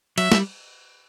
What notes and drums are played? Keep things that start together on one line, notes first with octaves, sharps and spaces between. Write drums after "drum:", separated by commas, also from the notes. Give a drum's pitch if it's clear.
F#3 E5, drum: cymbal
G3, drum: snare